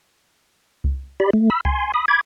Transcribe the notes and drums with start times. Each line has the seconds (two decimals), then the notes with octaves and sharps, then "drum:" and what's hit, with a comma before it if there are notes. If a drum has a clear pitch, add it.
0.84 drum: kick C2
1.20 G4 D5 B5
1.33 A3
1.50 B5 E6
1.65 G#5 C6, drum: kick C2
1.94 B5 D#6
2.08 B5 D6 G#6